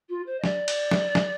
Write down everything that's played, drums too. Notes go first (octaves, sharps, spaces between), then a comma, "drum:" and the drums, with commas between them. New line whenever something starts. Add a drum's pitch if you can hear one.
F4
C5
D#5
D5, drum: snare
drum: cymbal
drum: snare
drum: snare